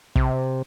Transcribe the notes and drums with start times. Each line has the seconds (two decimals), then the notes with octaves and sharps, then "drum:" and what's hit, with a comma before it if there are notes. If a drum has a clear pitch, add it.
0.16 C3, drum: kick